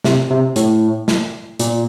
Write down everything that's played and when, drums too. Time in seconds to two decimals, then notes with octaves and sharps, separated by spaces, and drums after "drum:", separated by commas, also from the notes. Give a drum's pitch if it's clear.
0.04 C3, drum: snare
0.30 C3
0.56 A2, drum: hi-hat
1.08 drum: snare
1.59 A#2, drum: hi-hat